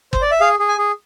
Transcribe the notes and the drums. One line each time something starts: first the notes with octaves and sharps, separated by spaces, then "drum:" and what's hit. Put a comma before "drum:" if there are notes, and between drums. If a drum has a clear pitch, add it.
C5, drum: kick
D5
E5
G#4 F5
G#4
G#5
G#4